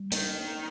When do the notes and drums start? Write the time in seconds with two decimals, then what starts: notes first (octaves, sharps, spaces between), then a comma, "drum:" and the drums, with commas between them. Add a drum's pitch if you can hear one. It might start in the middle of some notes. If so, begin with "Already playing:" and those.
Already playing: G3
0.12 D#3 A#3, drum: hi-hat